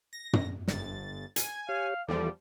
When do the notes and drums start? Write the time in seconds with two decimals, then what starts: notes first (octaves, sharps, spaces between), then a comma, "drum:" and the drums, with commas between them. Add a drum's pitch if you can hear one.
0.13 A#6
0.33 drum: tom
0.68 G1 A6, drum: snare
1.36 G#5, drum: hi-hat
1.69 G4 C#5 F5
2.08 E2 E3 F3 G3 A4 D5